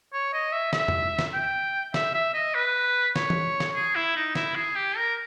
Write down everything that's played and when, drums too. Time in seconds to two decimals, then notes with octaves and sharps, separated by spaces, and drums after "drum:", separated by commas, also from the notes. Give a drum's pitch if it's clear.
0.13 C#5
0.34 D#5
0.53 E5
0.73 E5, drum: snare
0.88 drum: tom E2
1.19 drum: snare
1.34 G5
1.94 E5, drum: snare
2.14 E5
2.34 D#5
2.55 B4
3.16 C#5, drum: snare
3.30 drum: tom E3
3.60 drum: snare
3.75 G#4
3.96 E4
4.16 D#4
4.35 E4, drum: snare
4.55 G#4
4.76 G4
4.97 A#4